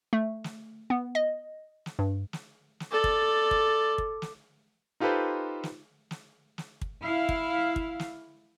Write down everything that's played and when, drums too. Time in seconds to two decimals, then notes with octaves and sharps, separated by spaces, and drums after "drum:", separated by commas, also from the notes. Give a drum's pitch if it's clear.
0.13 A3
0.44 drum: snare
0.90 B3
1.15 D#5
1.86 drum: snare
1.99 G2
2.33 drum: snare
2.80 drum: snare
2.91 A4 D5
3.04 drum: kick
3.51 drum: kick
3.98 drum: kick
4.22 drum: snare
5.00 D#4 F4 G4 A4 B4 C5
5.63 drum: snare
6.11 drum: snare
6.58 drum: snare
6.81 drum: kick
7.03 E4 F5
7.29 drum: kick
7.76 drum: kick
7.99 drum: snare